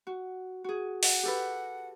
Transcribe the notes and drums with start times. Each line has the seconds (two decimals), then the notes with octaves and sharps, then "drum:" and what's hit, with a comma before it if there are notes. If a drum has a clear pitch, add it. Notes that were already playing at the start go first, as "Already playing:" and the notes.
0.07 F#4
0.64 F#4 G#4
1.03 F#5, drum: open hi-hat
1.23 G4 A4 B4